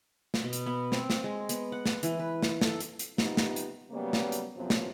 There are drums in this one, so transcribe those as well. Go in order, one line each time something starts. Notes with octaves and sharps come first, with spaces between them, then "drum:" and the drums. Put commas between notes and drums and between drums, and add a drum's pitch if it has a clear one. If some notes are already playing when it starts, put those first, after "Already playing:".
drum: snare
B2
drum: hi-hat
B3
C4, drum: snare
drum: snare
G#3
B3, drum: hi-hat
F#5
drum: snare
E3, drum: hi-hat
B4
drum: snare
A4, drum: snare
drum: hi-hat
drum: hi-hat
C3 F3 B3 D#4 G4, drum: snare
drum: snare
drum: hi-hat
C#3 F#3 G3 A#3 B3
drum: snare
drum: hi-hat
F#2 C3 F3 F#3 B3
drum: snare